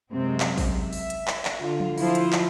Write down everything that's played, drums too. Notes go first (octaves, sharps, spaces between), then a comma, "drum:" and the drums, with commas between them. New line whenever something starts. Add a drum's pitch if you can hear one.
F#2 C3 G#3 C4
drum: clap
drum: kick, open hi-hat
E5
drum: open hi-hat
drum: hi-hat
drum: clap
drum: clap
D3 F4
drum: tom F3
F3 E4 F4 C5, drum: open hi-hat
drum: hi-hat
drum: clap